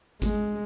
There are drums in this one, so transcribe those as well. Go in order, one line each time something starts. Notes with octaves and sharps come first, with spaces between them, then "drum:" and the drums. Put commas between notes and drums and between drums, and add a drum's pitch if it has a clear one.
G#3, drum: kick G#1, hi-hat